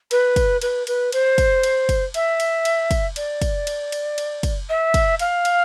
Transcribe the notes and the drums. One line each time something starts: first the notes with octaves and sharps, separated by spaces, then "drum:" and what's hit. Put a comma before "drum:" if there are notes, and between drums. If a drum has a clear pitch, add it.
B4, drum: cymbal
drum: kick, cymbal
B4, drum: cymbal
B4, drum: cymbal
C5, drum: cymbal
drum: kick, cymbal
drum: cymbal
drum: kick, cymbal
E5, drum: cymbal
drum: cymbal
drum: cymbal
drum: kick, cymbal
D5, drum: cymbal
drum: kick, cymbal
drum: cymbal
drum: cymbal
drum: cymbal
drum: kick, cymbal
E5
drum: kick, cymbal
F5, drum: cymbal
drum: cymbal